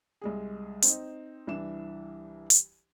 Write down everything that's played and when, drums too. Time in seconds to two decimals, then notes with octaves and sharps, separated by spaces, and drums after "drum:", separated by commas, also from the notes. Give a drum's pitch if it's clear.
0.21 C2 G#3 G#4
0.82 C4 D#4, drum: hi-hat
1.47 C2 E3 D4 E5 E7
2.50 drum: hi-hat